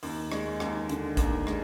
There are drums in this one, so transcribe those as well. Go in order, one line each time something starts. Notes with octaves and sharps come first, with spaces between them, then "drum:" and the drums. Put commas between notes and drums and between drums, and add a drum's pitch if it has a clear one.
D#2, drum: open hi-hat
G#3, drum: rim click
D#2, drum: rim click
D3, drum: hi-hat
D#2, drum: kick, hi-hat
G#3, drum: rim click